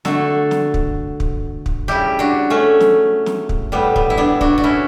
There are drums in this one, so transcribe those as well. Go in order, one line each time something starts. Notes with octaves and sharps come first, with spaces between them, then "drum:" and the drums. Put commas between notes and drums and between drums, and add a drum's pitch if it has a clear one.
D3 A3 F#4 A4, drum: snare
drum: snare
drum: kick
drum: kick
drum: kick
C#3 G3 E4 G4
D4 F#4
A3 C#4
drum: snare
drum: snare
drum: kick
A2 G3 B3
B3, drum: kick
E4
B3 D4
D4 F#4, drum: kick
F#4
C#4 E4